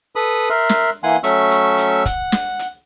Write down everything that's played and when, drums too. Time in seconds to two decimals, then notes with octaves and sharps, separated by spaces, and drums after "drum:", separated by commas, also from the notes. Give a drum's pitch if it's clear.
0.16 A4 B4 B5 D#6
0.50 A#4 E5 C6 F#6
0.69 drum: snare
1.04 E3 A#3 F#5 G#5 C6
1.24 F#3 A3 C#4 E5 C#6 E6, drum: hi-hat
1.51 drum: hi-hat
1.78 drum: hi-hat
2.05 F#5, drum: kick, hi-hat
2.32 drum: snare
2.59 drum: hi-hat